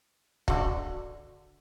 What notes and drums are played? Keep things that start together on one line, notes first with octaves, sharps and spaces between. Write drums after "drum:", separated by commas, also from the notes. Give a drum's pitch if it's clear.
D3 F#4, drum: kick